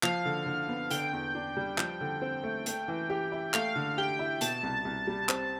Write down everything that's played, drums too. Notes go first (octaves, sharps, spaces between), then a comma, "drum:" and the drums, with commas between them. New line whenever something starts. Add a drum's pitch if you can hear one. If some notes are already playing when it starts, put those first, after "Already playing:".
F3 F5, drum: clap
D3
D3
B3
D3 G5, drum: hi-hat
E2
D4
G3
F3, drum: clap
D3
C4
A3
A3, drum: hi-hat
E3
G4
E4
A3 F5, drum: clap
D3
G4 G5
E4
B2 A5, drum: hi-hat
C2
C2
G3
C4, drum: clap